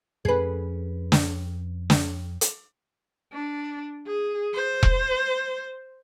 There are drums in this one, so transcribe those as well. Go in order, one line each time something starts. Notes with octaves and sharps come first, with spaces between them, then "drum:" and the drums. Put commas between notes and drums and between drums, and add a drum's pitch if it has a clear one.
F2 C#4 G#4 B4
drum: snare
drum: snare
drum: hi-hat
D4
G#4
C5
drum: kick E1